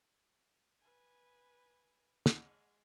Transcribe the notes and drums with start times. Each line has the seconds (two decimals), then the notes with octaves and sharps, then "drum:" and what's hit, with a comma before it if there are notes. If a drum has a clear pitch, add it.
0.79 B4 G#5
2.26 G#3, drum: snare